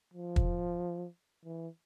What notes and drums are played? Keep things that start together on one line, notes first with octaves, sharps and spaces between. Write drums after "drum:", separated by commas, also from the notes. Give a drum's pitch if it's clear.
F3
drum: kick
E3